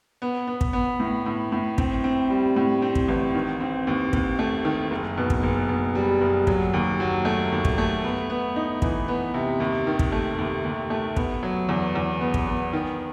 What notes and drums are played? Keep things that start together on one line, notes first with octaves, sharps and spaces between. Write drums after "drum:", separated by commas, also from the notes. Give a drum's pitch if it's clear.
B3
B3
drum: kick
B3
A2
A2
A2
C4, drum: kick
C4
G3
A2
C4
drum: kick
A1
D#3
C4
D#2
D#2, drum: kick
A3
D#3
F#1
B2
drum: kick
F#1
B2
G3
F#1
F#3, drum: kick
D#2
F#3
A3
D#2
drum: kick
A3
B3
B3
D#4
E3, drum: kick
B3
C3
D#2
D#3
drum: kick
A3
D#2
D#2
A3
B3, drum: kick
F#3
E2
E2
B3
drum: kick
B3
D#3